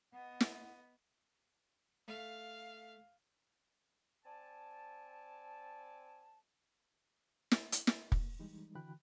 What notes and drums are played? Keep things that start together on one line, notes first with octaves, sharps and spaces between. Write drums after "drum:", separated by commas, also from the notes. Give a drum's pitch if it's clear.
B3 D#5 F#5
drum: snare
A3 F5
C4 D5 G#5 A5
drum: snare
drum: hi-hat
A#3, drum: snare
drum: kick
E3 G3 G#3 D#4
D3 E3 F#4 G5 B5 F#6